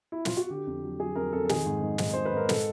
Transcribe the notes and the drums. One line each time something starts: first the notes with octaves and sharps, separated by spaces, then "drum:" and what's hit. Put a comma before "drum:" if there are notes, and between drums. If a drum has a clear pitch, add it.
E4
F4, drum: snare
F#4
D3 G4
F2
F#3
F#3 G#4
F2 A#4
F2 A4
A4
D#3 G#4, drum: snare
G#2
G#2
G#2, drum: snare
G#2 C5
B4
G#2
A#4
A4, drum: snare